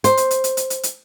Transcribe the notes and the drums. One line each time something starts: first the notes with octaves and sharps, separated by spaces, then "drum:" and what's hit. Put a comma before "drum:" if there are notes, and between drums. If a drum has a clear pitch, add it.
C5, drum: hi-hat
drum: hi-hat
drum: hi-hat
drum: hi-hat
drum: hi-hat
drum: hi-hat
drum: hi-hat